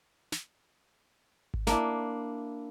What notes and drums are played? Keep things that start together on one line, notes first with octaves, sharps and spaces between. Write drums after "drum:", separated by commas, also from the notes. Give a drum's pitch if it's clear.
drum: snare
drum: kick G#1
A#3 D4 E4, drum: snare